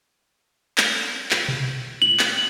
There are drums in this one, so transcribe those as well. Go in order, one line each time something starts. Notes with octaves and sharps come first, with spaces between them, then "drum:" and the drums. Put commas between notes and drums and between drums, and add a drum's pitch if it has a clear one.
drum: clap
drum: clap
drum: tom B2
F#7
drum: clap